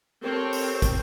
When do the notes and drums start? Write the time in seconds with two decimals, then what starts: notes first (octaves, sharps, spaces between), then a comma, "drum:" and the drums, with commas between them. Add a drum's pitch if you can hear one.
0.23 C4 G4 A4 A#4 C#5
0.53 drum: open hi-hat
0.82 drum: kick, hi-hat